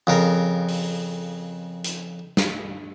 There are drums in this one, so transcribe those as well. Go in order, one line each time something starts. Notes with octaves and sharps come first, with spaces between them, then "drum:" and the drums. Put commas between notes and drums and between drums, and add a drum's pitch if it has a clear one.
F2 C#3 A#4
drum: open hi-hat
drum: hi-hat
drum: snare